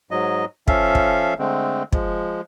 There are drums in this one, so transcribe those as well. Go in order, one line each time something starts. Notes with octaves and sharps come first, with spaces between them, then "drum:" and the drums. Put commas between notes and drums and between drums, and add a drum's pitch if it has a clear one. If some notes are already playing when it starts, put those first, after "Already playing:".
G#2 F#3 D#5
F3 C#4 A4 E5 F5, drum: kick
drum: kick
D3 G#3 A3 C4
F3 G#3, drum: kick